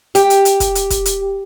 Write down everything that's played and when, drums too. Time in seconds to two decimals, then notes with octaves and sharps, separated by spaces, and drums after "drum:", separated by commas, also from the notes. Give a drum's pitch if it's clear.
0.15 G4, drum: hi-hat
0.30 drum: hi-hat
0.45 drum: hi-hat
0.60 drum: kick, hi-hat
0.75 drum: hi-hat
0.90 drum: kick, hi-hat
1.05 drum: hi-hat